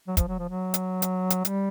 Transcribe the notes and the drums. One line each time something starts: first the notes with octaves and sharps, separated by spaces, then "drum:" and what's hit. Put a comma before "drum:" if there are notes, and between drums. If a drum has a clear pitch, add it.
F#3
F3, drum: kick, hi-hat
F#3
F3
F#3
drum: hi-hat
drum: hi-hat
drum: hi-hat
G3, drum: hi-hat